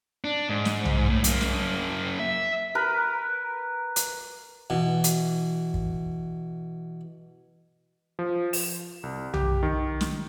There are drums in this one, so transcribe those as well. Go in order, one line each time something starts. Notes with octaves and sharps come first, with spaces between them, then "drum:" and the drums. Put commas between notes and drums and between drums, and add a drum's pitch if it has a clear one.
D4
G#2
drum: snare
drum: tom B1
A2
F#2 A#3, drum: hi-hat
drum: snare
E5
A#4 B4
drum: hi-hat
B2 E3
drum: hi-hat
drum: kick
F3
E7, drum: open hi-hat
C2
G4, drum: tom B1
D#3
drum: snare